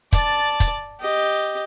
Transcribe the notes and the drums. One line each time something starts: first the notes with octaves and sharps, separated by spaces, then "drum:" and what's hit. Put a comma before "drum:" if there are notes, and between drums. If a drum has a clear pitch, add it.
D5 A5, drum: kick, hi-hat
drum: kick, hi-hat
G4 D#5